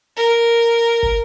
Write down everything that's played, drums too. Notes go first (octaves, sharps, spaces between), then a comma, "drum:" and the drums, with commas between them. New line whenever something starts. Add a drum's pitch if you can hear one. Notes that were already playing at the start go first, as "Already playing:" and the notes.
A#4
drum: kick